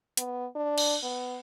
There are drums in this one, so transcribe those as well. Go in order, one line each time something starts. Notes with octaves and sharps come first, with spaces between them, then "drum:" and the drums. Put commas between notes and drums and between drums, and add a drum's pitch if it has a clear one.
B3, drum: hi-hat
D4
drum: cymbal
B3